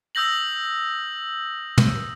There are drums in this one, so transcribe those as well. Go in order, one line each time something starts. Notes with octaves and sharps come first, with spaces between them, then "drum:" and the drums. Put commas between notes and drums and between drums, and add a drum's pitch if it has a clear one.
D#6 E6 G6 A#6 F#7
drum: tom